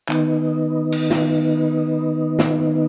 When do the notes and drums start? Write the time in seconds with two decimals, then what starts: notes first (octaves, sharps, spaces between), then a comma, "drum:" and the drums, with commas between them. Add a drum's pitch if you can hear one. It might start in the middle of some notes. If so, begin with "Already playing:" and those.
0.09 D#3 B3 D#4, drum: clap
0.92 drum: cymbal
1.10 drum: snare
2.39 drum: snare